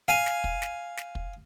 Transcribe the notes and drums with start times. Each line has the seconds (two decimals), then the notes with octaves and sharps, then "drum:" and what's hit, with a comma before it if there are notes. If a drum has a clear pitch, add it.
0.08 F5 G#5
0.26 drum: snare
0.44 drum: kick
0.62 drum: snare
0.97 drum: snare
1.15 drum: kick